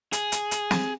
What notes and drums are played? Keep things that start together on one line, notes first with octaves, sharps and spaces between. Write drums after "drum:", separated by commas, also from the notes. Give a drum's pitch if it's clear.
G#4, drum: hi-hat
drum: hi-hat
drum: hi-hat
drum: snare